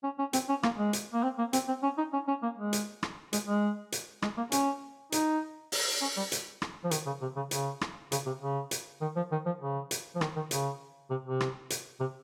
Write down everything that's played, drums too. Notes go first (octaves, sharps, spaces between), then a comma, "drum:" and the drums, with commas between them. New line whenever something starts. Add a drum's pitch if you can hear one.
C#4
C#4
C4, drum: hi-hat
C#4
A#3, drum: rim click
G#3
drum: hi-hat
A#3
C4
A#3
C4, drum: hi-hat
C4
C#4
D#4
C#4
C#4
A#3
G#3
drum: hi-hat
drum: rim click
G#3, drum: hi-hat
G#3
drum: hi-hat
G#3, drum: rim click
A#3
C#4, drum: hi-hat
D#4, drum: hi-hat
drum: open hi-hat
C#4
G3
drum: hi-hat
drum: rim click
F3
D#3, drum: hi-hat
C#3
C3
C#3
C#3, drum: hi-hat
drum: rim click
C#3, drum: hi-hat
C3
C#3
drum: hi-hat
D#3
F3
D#3
F3
C#3
drum: hi-hat
F3
D#3, drum: rim click
D#3
C#3, drum: hi-hat
C3
C3
drum: rim click
drum: hi-hat
C3